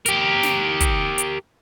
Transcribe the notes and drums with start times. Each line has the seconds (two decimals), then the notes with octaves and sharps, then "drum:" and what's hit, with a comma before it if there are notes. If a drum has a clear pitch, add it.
0.06 G4 A#4, drum: hi-hat
0.43 drum: snare
0.81 drum: kick, hi-hat
1.18 drum: hi-hat